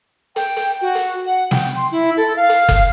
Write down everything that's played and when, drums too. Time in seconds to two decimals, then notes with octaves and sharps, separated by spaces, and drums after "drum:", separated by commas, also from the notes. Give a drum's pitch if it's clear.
0.36 G5, drum: hi-hat
0.56 drum: hi-hat
0.82 F#4
0.95 drum: hi-hat
1.26 F#5
1.51 G5, drum: snare
1.76 C6
1.91 E4
2.17 A4
2.36 F5
2.49 drum: hi-hat
2.69 drum: kick F#1, hi-hat